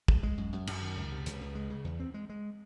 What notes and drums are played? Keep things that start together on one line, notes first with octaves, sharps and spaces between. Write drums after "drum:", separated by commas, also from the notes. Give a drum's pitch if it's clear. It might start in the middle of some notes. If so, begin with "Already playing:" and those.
G#3, drum: kick
G#3
F#2
F#2
F#2, drum: cymbal
D#3
C#2
C3
C#2, drum: hi-hat
C#2
G#3
C#3
E2
C4
G#3
G#3